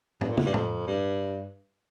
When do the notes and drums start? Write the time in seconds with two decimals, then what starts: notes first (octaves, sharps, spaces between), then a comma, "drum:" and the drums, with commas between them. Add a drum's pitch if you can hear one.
0.21 G2, drum: tom
0.30 A#2
0.37 A2, drum: tom
0.46 G2
0.54 F2, drum: tom
0.87 G2